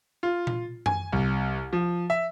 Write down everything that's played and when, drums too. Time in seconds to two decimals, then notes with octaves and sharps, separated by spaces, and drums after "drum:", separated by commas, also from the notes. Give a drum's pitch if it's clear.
0.23 F4
0.47 drum: tom A#2
0.86 G#5, drum: tom F#2
1.12 C2
1.73 F3
2.10 E5